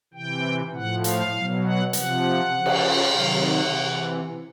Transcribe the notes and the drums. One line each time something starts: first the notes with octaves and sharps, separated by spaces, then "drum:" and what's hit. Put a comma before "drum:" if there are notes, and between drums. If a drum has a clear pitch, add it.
C3 E3 G5
A2 F3 F#5
F5, drum: hi-hat
B2 F#3
F#5
C3 F3 F#5, drum: hi-hat
C#3 F3
drum: cymbal
C3 D#3 F#3 F5
F#5
C3 E3